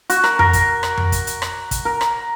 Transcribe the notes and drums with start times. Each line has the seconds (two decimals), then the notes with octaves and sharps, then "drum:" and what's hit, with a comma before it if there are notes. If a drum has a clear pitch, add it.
0.10 F#4, drum: hi-hat
0.24 A#4, drum: rim click
0.39 A#4, drum: tom F2
0.53 drum: kick, hi-hat
0.83 drum: rim click
0.97 drum: tom F2
1.12 drum: kick, hi-hat
1.27 drum: hi-hat
1.42 drum: rim click
1.71 drum: kick, hi-hat
1.85 A#4
2.01 drum: rim click